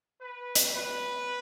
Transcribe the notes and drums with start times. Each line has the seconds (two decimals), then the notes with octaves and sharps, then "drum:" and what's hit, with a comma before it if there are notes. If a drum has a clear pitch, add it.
0.21 B4
0.55 drum: hi-hat
0.73 B4